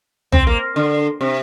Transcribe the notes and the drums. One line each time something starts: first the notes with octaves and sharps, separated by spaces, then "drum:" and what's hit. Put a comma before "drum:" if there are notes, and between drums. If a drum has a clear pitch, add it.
C4, drum: tom
A#3
D3
C3